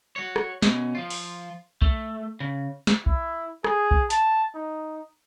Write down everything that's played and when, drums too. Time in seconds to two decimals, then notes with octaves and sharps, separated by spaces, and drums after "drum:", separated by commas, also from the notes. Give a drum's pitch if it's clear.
0.16 F#4 C#5
0.36 drum: rim click
0.62 B2 C#4, drum: snare
0.95 F3 F4
1.10 drum: open hi-hat
1.82 A3, drum: kick B1
2.40 C#3
2.87 drum: snare
3.06 E4, drum: kick B1
3.64 G#4, drum: rim click
3.91 drum: kick B1
4.10 A5, drum: hi-hat
4.55 D#4